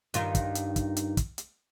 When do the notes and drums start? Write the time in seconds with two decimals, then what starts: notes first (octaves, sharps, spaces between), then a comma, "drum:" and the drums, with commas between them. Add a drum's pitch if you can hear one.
0.14 G2 D#3 F4, drum: hi-hat
0.35 drum: kick, hi-hat
0.55 drum: hi-hat
0.76 drum: kick, hi-hat
0.97 drum: hi-hat
1.17 drum: kick, hi-hat
1.38 drum: hi-hat